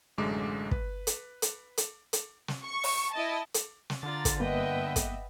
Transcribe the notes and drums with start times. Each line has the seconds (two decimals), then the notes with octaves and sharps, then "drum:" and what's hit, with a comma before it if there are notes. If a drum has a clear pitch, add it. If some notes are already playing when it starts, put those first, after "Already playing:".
0.18 A1 F#2 D3 G#3 D6
0.71 B4, drum: kick
1.07 drum: hi-hat
1.42 drum: hi-hat
1.78 drum: hi-hat
2.13 drum: hi-hat
2.48 drum: snare
2.63 C#6
2.84 drum: open hi-hat
3.12 E4 D#5 A5
3.54 drum: hi-hat
3.90 drum: snare
4.03 D3 F4 D5 A#5 A6
4.25 drum: kick, hi-hat
4.40 G2 A#3 B3 B4 D#5 E5 F#5 G5
4.96 drum: kick, hi-hat